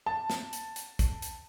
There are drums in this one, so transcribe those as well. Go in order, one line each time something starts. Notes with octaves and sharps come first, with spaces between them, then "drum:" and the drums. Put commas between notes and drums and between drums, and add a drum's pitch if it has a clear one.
A5
drum: snare
drum: hi-hat
drum: hi-hat
drum: kick, hi-hat
drum: hi-hat